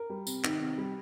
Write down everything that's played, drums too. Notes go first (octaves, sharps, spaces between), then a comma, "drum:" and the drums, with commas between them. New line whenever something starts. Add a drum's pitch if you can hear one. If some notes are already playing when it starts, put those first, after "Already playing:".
Already playing: A#4
G3
C3, drum: tambourine
D#3, drum: clap
C3
G3